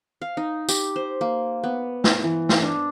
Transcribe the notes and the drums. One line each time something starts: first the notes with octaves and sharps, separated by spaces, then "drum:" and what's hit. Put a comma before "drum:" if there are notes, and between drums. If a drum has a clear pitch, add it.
F5
D#4
G4, drum: tambourine
C5
A#3
B3
drum: snare
E3
drum: snare
D4